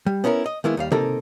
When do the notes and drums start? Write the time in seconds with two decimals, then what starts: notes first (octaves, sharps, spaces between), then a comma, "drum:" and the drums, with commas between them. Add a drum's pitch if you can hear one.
0.06 G3
0.24 B3 C#4 E4 A4 A#4
0.46 D#5
0.64 D#3 G#3 A#3 B3 E4
0.77 D#2 G3 F5
0.92 A#3 C4 D#4 A4 A#4, drum: tom C3